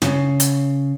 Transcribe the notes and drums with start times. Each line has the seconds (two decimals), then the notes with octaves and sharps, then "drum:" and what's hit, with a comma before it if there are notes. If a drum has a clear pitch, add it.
0.02 C#3, drum: snare
0.40 drum: hi-hat